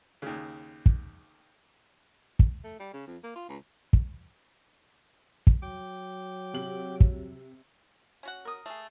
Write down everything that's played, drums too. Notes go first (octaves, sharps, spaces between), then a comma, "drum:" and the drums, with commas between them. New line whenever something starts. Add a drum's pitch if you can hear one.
D#2 C#3
drum: kick
drum: kick
A3
G3
C#3
F2
A#3
F4
C#2
drum: kick
drum: kick
F#3 G5 D6
C3 F#7
drum: kick
C#4 F#4 F#5
A#4 D#6
A3 G#4